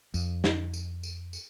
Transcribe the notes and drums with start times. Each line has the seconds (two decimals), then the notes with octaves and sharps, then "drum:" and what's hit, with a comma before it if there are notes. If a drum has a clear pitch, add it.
0.14 F2, drum: tambourine
0.44 drum: snare
0.74 drum: tambourine
1.03 drum: tambourine
1.33 drum: tambourine